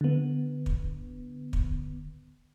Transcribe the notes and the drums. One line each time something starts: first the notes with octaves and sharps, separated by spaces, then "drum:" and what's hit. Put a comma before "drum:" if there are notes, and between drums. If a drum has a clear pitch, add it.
D3 B3
drum: kick
drum: kick